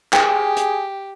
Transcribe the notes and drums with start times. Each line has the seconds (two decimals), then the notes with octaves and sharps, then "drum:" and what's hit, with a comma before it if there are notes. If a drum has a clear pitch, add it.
0.13 G4 G#4 G5, drum: clap
0.57 drum: hi-hat